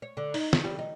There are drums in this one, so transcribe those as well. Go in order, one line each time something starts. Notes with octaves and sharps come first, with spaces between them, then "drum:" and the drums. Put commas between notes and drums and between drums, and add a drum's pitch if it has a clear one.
C#5
D3
D#4, drum: open hi-hat
D#3, drum: snare
G3
D#4